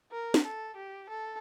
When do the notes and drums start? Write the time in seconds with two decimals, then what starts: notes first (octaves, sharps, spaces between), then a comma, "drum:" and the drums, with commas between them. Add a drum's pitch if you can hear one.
0.12 A#4
0.34 drum: snare
0.45 A4
0.76 G4
1.10 A4